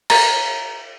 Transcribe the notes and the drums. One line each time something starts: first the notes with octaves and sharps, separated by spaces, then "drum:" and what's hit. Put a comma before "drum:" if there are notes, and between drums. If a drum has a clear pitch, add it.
A#5, drum: cymbal